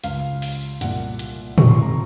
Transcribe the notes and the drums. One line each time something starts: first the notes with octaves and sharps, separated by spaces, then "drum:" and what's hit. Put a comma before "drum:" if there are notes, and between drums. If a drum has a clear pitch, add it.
C#2 C#3 F5, drum: hi-hat
drum: open hi-hat
C2 A#2 F#5, drum: hi-hat
drum: hi-hat
F1 F2 D#3 C#6, drum: tom
C6
A#5